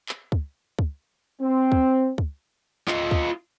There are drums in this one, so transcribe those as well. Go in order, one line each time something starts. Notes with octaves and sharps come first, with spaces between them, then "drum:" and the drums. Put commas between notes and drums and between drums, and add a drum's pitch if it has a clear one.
drum: clap
drum: kick
drum: kick
C4
drum: kick
drum: kick
F4 D#5, drum: clap
drum: kick